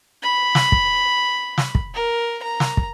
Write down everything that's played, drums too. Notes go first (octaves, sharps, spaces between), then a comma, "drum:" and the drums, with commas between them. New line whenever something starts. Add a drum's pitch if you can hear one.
B5
drum: snare
drum: kick
drum: snare
drum: kick
A#4
A#5
drum: snare
drum: kick